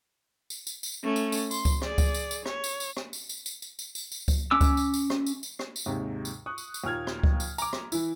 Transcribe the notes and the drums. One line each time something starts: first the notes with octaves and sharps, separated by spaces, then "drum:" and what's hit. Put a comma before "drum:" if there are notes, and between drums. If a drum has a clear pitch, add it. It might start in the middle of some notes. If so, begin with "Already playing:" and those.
drum: tambourine
drum: tambourine
drum: tambourine
A3 C#4
drum: tambourine
drum: tambourine
C6, drum: tambourine
drum: kick C#2, tambourine
G#4 D5, drum: rim click
drum: kick C#2, tambourine
drum: tambourine
drum: tambourine
C#5, drum: rim click
drum: tambourine
drum: tambourine
drum: rim click
drum: tambourine
drum: tambourine
drum: tambourine
drum: tambourine
drum: tambourine
drum: tambourine
drum: tambourine
drum: kick C#2, tambourine
C#4 D6 E6
drum: kick C#2, tambourine
drum: tambourine
drum: tambourine
drum: rim click
drum: tambourine
drum: tambourine
drum: rim click
drum: tambourine
D#2 G#2 C3
drum: tambourine
C#6 D#6 F#6
drum: tambourine
drum: tambourine
D#2 A#2 F6 G#6
drum: rim click
drum: kick C#2
drum: tambourine
A#5 D6, drum: tambourine
drum: rim click
E3 E4, drum: tambourine